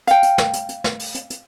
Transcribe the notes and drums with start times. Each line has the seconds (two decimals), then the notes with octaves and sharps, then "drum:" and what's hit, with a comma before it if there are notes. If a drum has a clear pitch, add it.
0.07 F5 G5, drum: hi-hat
0.23 drum: hi-hat
0.38 drum: snare
0.54 drum: hi-hat
0.69 drum: hi-hat
0.84 drum: snare
1.00 drum: open hi-hat
1.15 drum: hi-hat
1.30 drum: hi-hat